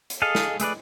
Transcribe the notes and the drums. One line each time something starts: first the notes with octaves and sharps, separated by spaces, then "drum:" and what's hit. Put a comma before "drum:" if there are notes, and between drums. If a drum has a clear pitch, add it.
drum: hi-hat
G#4 A4 D#5 F5
drum: snare
A3 G#4 B4 D5, drum: hi-hat